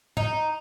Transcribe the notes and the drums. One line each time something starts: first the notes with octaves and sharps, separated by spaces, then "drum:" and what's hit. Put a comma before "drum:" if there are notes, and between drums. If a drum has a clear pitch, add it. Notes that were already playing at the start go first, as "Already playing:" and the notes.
D#4, drum: tom